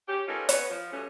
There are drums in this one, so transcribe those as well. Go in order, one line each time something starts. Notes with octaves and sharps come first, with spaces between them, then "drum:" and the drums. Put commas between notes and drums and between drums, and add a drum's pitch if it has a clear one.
C#4 G4
A3 B3 C#4 D#4 F4 A#4
B3 C#4, drum: hi-hat
F3
B2 G3 A3 C#4